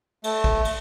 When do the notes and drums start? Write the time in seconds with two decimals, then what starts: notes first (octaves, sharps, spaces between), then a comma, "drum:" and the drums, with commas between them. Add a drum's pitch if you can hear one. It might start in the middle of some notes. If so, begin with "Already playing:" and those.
0.24 A3, drum: cymbal
0.44 drum: kick
0.65 drum: cymbal